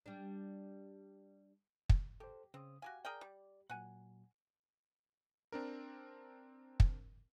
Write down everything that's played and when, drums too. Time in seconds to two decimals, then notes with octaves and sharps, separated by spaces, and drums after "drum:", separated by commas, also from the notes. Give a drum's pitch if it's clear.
0.06 G3 D4
1.89 drum: kick
2.20 G4 A4 C5
2.54 C#3 C4 D#6
2.82 F#4 G4 F5 G#5
3.05 G#4 A#4 D5 G5
3.21 G3
3.70 A#2 F#3 F#5 G#5
5.52 C4 D4 A#4
6.80 drum: kick